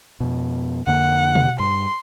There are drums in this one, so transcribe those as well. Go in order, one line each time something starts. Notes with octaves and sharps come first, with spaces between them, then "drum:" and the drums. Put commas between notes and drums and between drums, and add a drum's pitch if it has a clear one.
F2 B2
F2 D3 A#3 F#5
drum: tom
G2 C6